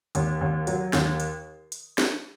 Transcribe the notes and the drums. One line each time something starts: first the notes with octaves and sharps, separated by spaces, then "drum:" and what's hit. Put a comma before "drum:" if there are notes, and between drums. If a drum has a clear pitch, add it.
D#2, drum: hi-hat
D#2
F#3, drum: hi-hat
D#2, drum: snare
drum: hi-hat
drum: hi-hat
drum: snare